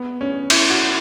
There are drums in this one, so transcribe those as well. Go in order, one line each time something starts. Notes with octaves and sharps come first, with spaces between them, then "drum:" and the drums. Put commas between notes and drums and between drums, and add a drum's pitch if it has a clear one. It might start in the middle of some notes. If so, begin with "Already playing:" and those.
Already playing: B3
C#4
E4, drum: cymbal
F#4